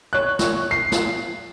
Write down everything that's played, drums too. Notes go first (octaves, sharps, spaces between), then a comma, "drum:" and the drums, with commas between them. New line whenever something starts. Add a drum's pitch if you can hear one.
C#5 F#6
drum: snare
C7
drum: snare